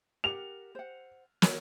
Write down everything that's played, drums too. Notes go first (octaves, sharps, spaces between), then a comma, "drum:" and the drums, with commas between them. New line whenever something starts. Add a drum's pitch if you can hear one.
G4 A#4 F#5 F7
C5 F#5
F#4 A#4 C#5, drum: snare